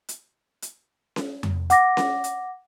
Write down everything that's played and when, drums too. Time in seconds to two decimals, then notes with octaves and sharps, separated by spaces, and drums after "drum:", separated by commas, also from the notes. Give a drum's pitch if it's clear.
0.09 drum: hi-hat
0.62 drum: hi-hat
1.16 drum: snare C#4
1.43 drum: tom F2
1.70 F#5 D6 A#6, drum: hi-hat
1.97 drum: snare C#4
2.24 drum: hi-hat